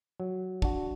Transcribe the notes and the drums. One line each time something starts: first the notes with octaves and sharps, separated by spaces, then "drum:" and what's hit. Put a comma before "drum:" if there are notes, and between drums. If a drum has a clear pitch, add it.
F#3
D4 F#4, drum: kick